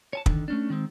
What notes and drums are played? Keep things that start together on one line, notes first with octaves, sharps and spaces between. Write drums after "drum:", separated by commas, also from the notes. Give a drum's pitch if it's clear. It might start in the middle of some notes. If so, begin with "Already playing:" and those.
C#5 G#5 A5
D3 D#3, drum: kick
A3 C#4 D4
D#3 G#3 C4